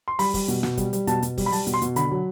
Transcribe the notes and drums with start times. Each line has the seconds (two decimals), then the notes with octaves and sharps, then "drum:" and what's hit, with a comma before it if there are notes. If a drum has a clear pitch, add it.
0.08 C6
0.19 G3 B5, drum: open hi-hat
0.34 G3, drum: kick, open hi-hat
0.48 B2, drum: hi-hat
0.63 B2, drum: snare
0.77 G3, drum: kick, hi-hat
0.93 G3, drum: hi-hat
1.07 B2 A5, drum: hi-hat
1.22 B2, drum: hi-hat
1.38 G3, drum: kick, open hi-hat
1.46 B5
1.52 G3 A5, drum: open hi-hat
1.67 B2, drum: hi-hat
1.74 C6
1.82 B2, drum: hi-hat
1.96 D3 B5, drum: hi-hat
2.11 F#3